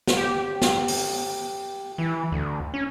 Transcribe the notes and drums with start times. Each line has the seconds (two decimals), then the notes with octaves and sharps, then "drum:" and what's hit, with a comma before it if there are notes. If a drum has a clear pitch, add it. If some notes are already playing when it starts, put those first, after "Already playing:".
0.07 drum: snare
0.17 G4
0.62 drum: snare
0.88 drum: open hi-hat
1.98 E3
2.32 D2
2.74 C#4